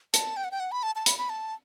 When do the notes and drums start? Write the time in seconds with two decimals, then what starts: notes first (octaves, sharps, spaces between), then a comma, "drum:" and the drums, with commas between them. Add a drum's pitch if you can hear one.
0.14 A5, drum: hi-hat
0.37 G5
0.44 F#5
0.51 G5
0.60 F#5
0.72 B5
0.83 A5
0.96 A5
1.06 B5, drum: hi-hat
1.18 B5
1.29 A5